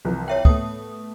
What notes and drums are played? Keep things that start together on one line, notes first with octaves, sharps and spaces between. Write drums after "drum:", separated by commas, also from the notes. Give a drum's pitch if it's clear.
C2 E3 F3
C#5 E5 G5
A3 B3 D#6, drum: kick